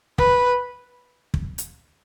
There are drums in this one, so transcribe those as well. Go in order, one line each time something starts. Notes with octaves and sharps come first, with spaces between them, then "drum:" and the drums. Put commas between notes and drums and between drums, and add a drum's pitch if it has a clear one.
B4, drum: kick
drum: kick
drum: hi-hat